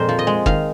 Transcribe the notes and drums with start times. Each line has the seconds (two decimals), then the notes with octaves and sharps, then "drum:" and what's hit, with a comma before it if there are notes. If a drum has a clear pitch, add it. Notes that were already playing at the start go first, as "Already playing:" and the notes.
Already playing: F2 A#2 G#3 A#4 C5
0.09 F3
0.19 D#5
0.27 G#3
0.46 D#3 F5, drum: kick